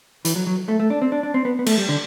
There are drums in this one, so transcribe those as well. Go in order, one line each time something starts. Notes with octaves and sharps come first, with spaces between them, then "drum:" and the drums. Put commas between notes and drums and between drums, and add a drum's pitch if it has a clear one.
E3, drum: hi-hat
F#3
F#3
A3
A3
D4
C4
D4
D4
C4
B3
B3
A3, drum: cymbal
G3
D3